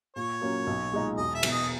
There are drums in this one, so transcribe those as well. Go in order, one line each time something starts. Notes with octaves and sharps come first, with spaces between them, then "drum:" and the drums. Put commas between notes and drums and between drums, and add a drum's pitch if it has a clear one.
A#2 C#5
F#3 A#3 C#4
B1
A#2 G#3 D#4
E1 D#5
E5
E2 B2, drum: cymbal
D#5